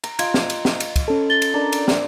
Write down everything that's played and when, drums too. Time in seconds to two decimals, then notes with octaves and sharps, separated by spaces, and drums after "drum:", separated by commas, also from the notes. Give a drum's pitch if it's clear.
0.04 A#5, drum: cymbal
0.19 F4 D#5 G#6, drum: cymbal
0.34 drum: snare
0.50 drum: cymbal
0.65 drum: snare
0.80 drum: cymbal
0.96 drum: kick, cymbal
1.08 C#4 A4
1.30 A6 G7
1.42 drum: cymbal
1.54 D4 A#4
1.72 drum: cymbal
1.88 drum: snare